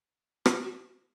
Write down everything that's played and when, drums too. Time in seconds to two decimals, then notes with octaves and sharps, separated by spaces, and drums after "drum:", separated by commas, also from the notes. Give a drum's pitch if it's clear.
0.46 F4, drum: rim click
0.63 F#4